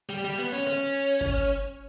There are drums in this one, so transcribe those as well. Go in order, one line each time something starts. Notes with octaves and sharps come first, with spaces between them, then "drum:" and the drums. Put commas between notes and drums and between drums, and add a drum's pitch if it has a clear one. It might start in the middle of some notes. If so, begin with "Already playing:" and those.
G3
G3
B3
C#4
C#4
drum: kick